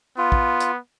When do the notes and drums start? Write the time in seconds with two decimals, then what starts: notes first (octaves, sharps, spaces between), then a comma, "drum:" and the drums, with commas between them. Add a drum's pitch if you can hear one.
0.18 B3 F4
0.32 drum: kick
0.61 drum: hi-hat